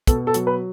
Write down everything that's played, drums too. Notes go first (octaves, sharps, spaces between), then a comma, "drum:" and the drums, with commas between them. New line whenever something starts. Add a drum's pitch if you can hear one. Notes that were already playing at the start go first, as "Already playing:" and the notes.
B2 A4, drum: kick, hi-hat
A4
F#3, drum: hi-hat
B4